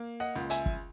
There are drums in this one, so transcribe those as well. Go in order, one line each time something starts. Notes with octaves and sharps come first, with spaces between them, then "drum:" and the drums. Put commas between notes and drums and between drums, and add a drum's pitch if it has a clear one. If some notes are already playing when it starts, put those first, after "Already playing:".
Already playing: A#3
D#5 F#5
C#2
E5 G#5, drum: hi-hat
drum: kick